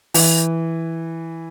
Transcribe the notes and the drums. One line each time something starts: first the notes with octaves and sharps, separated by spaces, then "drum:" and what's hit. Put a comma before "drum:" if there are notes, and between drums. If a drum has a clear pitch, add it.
E3, drum: open hi-hat